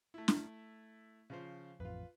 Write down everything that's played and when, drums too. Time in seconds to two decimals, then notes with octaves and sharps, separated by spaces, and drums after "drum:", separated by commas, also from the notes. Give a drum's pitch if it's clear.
0.14 A3 E4
0.28 drum: snare
1.30 C#3 F3 C5
1.80 A1 F2 F4 B4